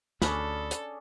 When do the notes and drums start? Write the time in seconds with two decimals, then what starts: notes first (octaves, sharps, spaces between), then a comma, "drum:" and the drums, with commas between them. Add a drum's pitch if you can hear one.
0.22 D2 C#4 D4 G#4 A4 B5, drum: snare
0.71 drum: hi-hat